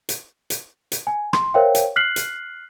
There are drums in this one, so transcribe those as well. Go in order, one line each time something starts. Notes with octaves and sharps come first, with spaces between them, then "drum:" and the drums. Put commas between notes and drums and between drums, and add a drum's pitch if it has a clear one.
drum: hi-hat
drum: hi-hat
drum: hi-hat
G#5
C6, drum: rim click
A#4 C5 C#5 E5 F5 G5
drum: hi-hat
F6 F#6 B6 C7 F#7
drum: hi-hat